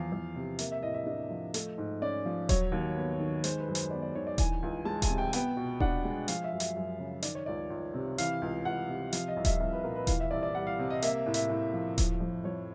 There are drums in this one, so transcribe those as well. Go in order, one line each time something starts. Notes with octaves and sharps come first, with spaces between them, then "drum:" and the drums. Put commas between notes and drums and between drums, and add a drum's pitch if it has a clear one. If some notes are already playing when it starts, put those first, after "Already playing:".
Already playing: E2 F3 F5
E2
C3
A#3 E5, drum: hi-hat
E5
A2 D#5
E5
D4 D#5
F3
A3, drum: hi-hat
G#2
C#4 D5
F3
F#3 C#5, drum: kick D#1, hi-hat
D#2
B3
D#3
G#3 C5, drum: hi-hat
B4
F#2
C5, drum: hi-hat
B3 D5
D5
D#3 C#5
D5
E3 G#5, drum: kick D#1, hi-hat
C#2
G#3 A5
G#5, drum: kick D#1, hi-hat
C3
G5
B3 G5, drum: hi-hat
B2
D4 F#5, drum: kick D#1
G#3
F3 F5, drum: hi-hat
E5
F#2
E5, drum: hi-hat
F#2
C#3
D#3 D5, drum: hi-hat
C#5
C#2 D5
C#2
C3
E3 F5, drum: hi-hat
C#2
C#2 F#5
C3
F3 F5, drum: hi-hat
D#5
C2
E5, drum: kick D#1, hi-hat
C2 F5
B4
A#2 A#4
B4
E3 F5, drum: kick D#1, hi-hat
E5
C2 D5
D5
G3 F#5
F5
C3
D#5
A#3 E5, drum: hi-hat
A2
E5, drum: hi-hat
A2
F3
F3, drum: kick D#1, hi-hat
F2
F2 C#5